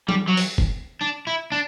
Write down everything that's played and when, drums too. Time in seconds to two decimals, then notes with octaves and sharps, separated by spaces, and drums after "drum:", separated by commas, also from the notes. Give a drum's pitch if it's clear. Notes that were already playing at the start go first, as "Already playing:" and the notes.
0.09 G3, drum: tom E3
0.28 F#3
0.37 drum: open hi-hat
0.58 drum: kick F1
1.01 D4
1.27 E4
1.52 D4